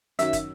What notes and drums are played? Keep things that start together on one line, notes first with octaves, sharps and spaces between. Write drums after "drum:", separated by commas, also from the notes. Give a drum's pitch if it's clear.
F#2 D#3 F#3 E5, drum: hi-hat
drum: kick, hi-hat